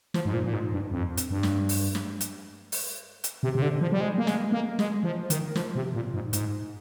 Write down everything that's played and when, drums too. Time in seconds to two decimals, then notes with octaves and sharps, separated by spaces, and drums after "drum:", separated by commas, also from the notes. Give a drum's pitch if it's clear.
0.14 F3, drum: snare
0.26 G#2
0.33 A#2
0.44 A#2
0.53 G#2
0.72 G2
0.91 F2
1.17 drum: hi-hat
1.30 G2
1.43 drum: snare
1.69 drum: open hi-hat
1.95 drum: snare
2.21 drum: hi-hat
2.72 drum: open hi-hat
3.24 drum: hi-hat
3.43 C3
3.55 C3
3.62 D3
3.81 F3
3.92 G3
4.01 G#3
4.18 A#3
4.27 G#3, drum: snare
4.52 A#3
4.79 G#3, drum: snare
5.04 F3
5.30 D#3, drum: hi-hat
5.56 F3, drum: snare
5.75 C3
5.95 A#2
6.14 G#2
6.33 G#2, drum: hi-hat